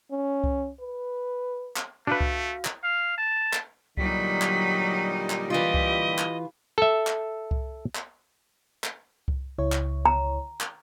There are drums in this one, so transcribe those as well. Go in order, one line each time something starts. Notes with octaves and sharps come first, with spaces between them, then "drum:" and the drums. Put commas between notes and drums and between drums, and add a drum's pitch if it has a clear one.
C#4
drum: kick C2
B4
drum: clap
A3 D4 F#4 B4 F5
drum: kick C2
drum: clap
F5
A5
drum: clap
A#2 D3 F#3 G3 D#4 B6, drum: kick C2
drum: clap
drum: clap
E3 F4 G4 D#5
drum: kick C2
drum: clap
A4 E5
drum: clap
drum: kick C2
drum: clap
drum: clap
drum: kick C2
C#2 E4 C#5
drum: clap
A#5
drum: clap